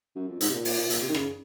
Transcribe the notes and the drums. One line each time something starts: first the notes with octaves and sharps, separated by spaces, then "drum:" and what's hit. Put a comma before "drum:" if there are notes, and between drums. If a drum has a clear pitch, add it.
F#2
F2
G#2, drum: hi-hat
C3
A#2
A#2, drum: open hi-hat
A#2
A#2, drum: hi-hat
C3
D#3
C#3, drum: rim click